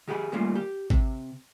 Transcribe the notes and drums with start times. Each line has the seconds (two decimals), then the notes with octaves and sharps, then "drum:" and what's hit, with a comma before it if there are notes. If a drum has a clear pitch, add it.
0.08 D#3 G4 G#4 F#5 B5
0.32 D#3 G3 A3 A#3 C#4 F4
0.55 G4
0.90 C3, drum: kick G#1